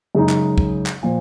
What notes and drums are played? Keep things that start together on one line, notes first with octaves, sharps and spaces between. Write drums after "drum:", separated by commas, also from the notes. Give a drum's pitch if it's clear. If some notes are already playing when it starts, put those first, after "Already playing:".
F#2 C#3 G#3 D#4
drum: clap
drum: kick
drum: clap
A#2 F3